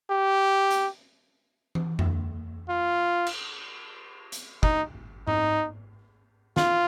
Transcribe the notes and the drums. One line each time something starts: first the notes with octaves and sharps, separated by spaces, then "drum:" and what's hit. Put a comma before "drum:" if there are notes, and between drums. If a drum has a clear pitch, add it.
G4
drum: hi-hat
drum: tom E3
drum: tom F2
F4
drum: cymbal
drum: hi-hat
D#4, drum: kick
D#4, drum: tom G#2
F4, drum: snare